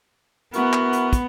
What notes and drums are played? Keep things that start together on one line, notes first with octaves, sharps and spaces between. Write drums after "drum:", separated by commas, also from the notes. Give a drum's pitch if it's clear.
B3 E4 F#4 A#4, drum: hi-hat
drum: clap
drum: hi-hat
drum: kick, hi-hat